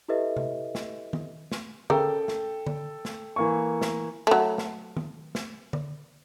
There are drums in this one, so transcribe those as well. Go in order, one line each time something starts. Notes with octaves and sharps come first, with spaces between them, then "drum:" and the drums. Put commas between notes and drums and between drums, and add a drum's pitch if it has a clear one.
E4 G4 A4 B4 D#5 E5
drum: tom C3
drum: snare
drum: tom D#3
drum: snare
C#3 A4 A#4 G5, drum: tom D3
drum: snare
drum: tom D3
drum: snare
E3 A#3 C#6
drum: snare
F#3 A3
drum: snare
drum: tom D#3
drum: snare
drum: tom D3